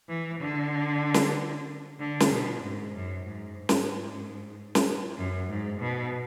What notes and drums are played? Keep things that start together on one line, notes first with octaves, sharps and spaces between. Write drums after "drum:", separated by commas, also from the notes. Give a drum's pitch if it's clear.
E3
D3
drum: snare
D3
drum: snare
B2
G#2
F#2
G#2
G#2
drum: snare
drum: snare
F#2
G#2
B2